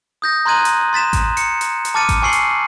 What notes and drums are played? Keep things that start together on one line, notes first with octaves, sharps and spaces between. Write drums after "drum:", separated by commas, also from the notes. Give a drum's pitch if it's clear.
D#6 G6 A#6
A#5 C6 F#6 G#6 D#7 F#7
drum: hi-hat
C6 A6 B6 E7
drum: kick A1, hi-hat
C#7, drum: hi-hat
drum: hi-hat
drum: hi-hat
A5 D6 F6 A6 C#7 D#7
drum: kick A1, hi-hat
G#5 C#6 E6 C7 C#7 F#7
drum: hi-hat